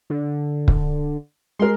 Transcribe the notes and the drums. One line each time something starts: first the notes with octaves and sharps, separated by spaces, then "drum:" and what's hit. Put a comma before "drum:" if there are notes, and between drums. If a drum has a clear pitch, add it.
D3
drum: kick
G#3 A#4 C6